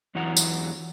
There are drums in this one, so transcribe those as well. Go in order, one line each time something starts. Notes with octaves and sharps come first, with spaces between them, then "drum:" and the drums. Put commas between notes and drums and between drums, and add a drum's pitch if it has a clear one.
E2 E3 F#3 F#5 A#5
drum: tambourine